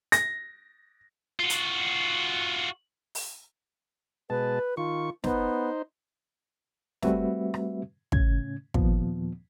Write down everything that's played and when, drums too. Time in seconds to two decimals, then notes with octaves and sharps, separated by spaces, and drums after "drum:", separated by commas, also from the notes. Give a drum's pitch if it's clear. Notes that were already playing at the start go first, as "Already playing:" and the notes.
0.12 A#6, drum: hi-hat
1.40 F4 F#4
1.50 drum: hi-hat
3.15 drum: open hi-hat
4.30 B2 G#3 B4 A5
4.77 D#3 F4 C#6
5.24 B3 D#4 C5, drum: snare
7.02 G3 A3 C4 F#4 B4 E5, drum: snare
7.54 drum: rim click
8.12 A2 C#3 C#4 G#6, drum: kick
8.74 D#2 A#2 F3 B3, drum: kick